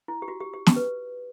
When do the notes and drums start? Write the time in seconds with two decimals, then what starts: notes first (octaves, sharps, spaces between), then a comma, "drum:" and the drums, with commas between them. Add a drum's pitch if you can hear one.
0.08 E4
0.22 G4
0.28 F#4
0.40 G4
0.53 G4
0.66 G4, drum: snare
0.76 B4